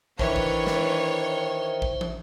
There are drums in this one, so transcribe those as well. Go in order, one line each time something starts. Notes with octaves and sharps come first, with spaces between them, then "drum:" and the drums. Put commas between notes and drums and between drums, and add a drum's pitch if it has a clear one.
D#3 E3 D4 C5 C#5 E5, drum: kick
drum: kick
drum: snare
drum: kick
drum: tom